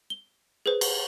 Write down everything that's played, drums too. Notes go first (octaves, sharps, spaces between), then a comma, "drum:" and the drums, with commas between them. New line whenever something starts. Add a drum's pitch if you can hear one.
G7
G#4 B4 C5
drum: cymbal